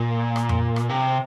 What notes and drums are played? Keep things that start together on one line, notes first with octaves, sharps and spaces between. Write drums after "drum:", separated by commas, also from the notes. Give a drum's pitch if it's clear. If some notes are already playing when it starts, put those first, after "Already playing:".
Already playing: A#2
drum: rim click
drum: tom F2
drum: rim click
C3